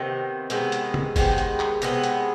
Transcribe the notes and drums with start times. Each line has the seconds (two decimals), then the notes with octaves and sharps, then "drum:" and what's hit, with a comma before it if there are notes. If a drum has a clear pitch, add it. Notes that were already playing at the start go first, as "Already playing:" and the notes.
Already playing: C3 D#3 B3
0.50 C3 D#3 G#3 B3, drum: hi-hat
0.72 drum: hi-hat
0.94 drum: tom
1.16 C3 D#3 G#3 B3, drum: kick F#1, open hi-hat
1.38 drum: hi-hat
1.60 drum: clap
1.82 C3 D#3 G#3 B3, drum: hi-hat
2.03 drum: hi-hat